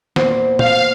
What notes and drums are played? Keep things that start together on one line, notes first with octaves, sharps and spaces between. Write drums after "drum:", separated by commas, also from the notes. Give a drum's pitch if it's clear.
E2 A#2 C5, drum: snare
F5 G6, drum: tom